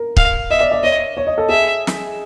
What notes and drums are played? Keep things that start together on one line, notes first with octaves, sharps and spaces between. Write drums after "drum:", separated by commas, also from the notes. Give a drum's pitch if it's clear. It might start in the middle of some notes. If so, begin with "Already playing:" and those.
Already playing: A#4
F5, drum: kick
D#5 E5
D5
D5
C#5 D#5
C#5
D#5
A4
G#4 E5
drum: snare